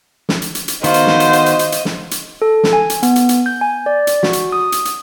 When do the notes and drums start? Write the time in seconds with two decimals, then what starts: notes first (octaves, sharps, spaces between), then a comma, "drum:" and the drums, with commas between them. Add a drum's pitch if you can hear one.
0.29 drum: snare
0.42 drum: hi-hat
0.55 drum: hi-hat
0.68 drum: hi-hat
0.84 D#3 B3 F#4 C5 D#5 F5, drum: hi-hat
0.94 drum: hi-hat
1.07 drum: snare
1.20 drum: hi-hat
1.33 drum: hi-hat
1.46 drum: hi-hat
1.59 drum: hi-hat
1.72 drum: hi-hat
1.85 drum: snare
2.11 drum: hi-hat
2.42 A4
2.63 drum: snare
2.73 G#5
2.90 drum: hi-hat
3.03 B3, drum: hi-hat
3.16 drum: hi-hat
3.29 drum: hi-hat
3.46 G6
3.61 G#5
3.86 D5
4.07 drum: hi-hat
4.23 F#4, drum: snare
4.33 drum: hi-hat
4.52 D#6
4.72 drum: hi-hat
4.85 drum: hi-hat